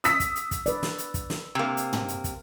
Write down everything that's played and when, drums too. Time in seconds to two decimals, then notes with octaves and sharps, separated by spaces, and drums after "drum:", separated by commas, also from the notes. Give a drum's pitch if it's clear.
0.04 D#6 E6 B6, drum: hi-hat
0.20 drum: kick, hi-hat
0.35 drum: hi-hat
0.51 drum: kick, hi-hat
0.66 B4 D5, drum: hi-hat
0.83 drum: snare
0.98 drum: hi-hat
1.14 drum: kick, hi-hat
1.30 drum: snare
1.55 C3 A#3
1.77 drum: hi-hat
1.93 drum: tom
2.08 drum: hi-hat
2.24 drum: kick, hi-hat